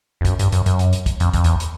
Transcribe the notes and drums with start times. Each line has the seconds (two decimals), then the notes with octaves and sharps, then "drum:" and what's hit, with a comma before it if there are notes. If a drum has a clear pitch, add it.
0.21 F2
0.25 F#2, drum: kick, hi-hat
0.39 G2, drum: hi-hat
0.52 F#2, drum: hi-hat
0.66 F#2, drum: hi-hat
0.79 drum: hi-hat
0.93 drum: hi-hat
1.06 drum: kick, hi-hat
1.20 F2, drum: hi-hat
1.34 F2, drum: kick, hi-hat
1.44 E2, drum: hi-hat
1.60 drum: hi-hat